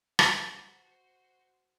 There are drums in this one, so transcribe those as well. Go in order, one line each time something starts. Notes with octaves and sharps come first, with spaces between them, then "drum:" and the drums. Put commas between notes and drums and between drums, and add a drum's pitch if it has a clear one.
F#4 C5, drum: rim click